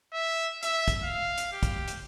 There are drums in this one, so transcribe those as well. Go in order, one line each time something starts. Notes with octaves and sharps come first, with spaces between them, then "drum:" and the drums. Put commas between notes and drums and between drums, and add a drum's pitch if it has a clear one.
E5
E5, drum: hi-hat
drum: kick, hi-hat
F5
drum: hi-hat
G4
drum: kick, hi-hat
drum: hi-hat